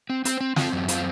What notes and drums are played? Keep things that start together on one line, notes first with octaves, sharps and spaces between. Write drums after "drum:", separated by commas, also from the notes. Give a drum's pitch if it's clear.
C4
C4 C5, drum: hi-hat
C4
C4 F4, drum: snare
F#2
C4 F4, drum: hi-hat